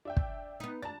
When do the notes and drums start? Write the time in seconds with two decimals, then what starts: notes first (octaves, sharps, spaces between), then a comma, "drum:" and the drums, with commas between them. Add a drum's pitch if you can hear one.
0.05 D4 E5 G5
0.17 drum: kick
0.60 B3 D#4
0.83 D4 A5 A#5 A6